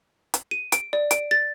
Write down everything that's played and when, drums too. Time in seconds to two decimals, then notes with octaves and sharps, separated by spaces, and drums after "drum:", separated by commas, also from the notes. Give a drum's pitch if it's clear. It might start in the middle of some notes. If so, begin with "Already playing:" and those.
0.34 drum: hi-hat
0.51 D#7
0.72 D7, drum: hi-hat
0.93 D5
1.11 D7, drum: hi-hat
1.31 A6